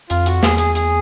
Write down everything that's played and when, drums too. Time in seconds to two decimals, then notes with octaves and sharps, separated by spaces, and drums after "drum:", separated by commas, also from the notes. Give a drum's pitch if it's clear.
0.10 F2 F4, drum: hi-hat
0.26 F#4, drum: hi-hat
0.43 E2 G#4, drum: snare
0.58 G#4, drum: hi-hat
0.75 G#4, drum: hi-hat